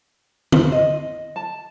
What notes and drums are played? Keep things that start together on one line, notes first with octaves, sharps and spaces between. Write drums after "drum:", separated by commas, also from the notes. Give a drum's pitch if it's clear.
C5, drum: tom D3
D#5
A5